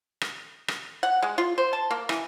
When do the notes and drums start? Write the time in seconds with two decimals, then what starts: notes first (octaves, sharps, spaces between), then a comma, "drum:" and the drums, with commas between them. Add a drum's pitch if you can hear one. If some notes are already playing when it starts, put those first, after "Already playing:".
0.21 drum: rim click
0.68 drum: rim click
1.03 F#5
1.22 G#3
1.38 F4
1.58 C5
1.73 A5
1.91 A#3
2.09 E3, drum: rim click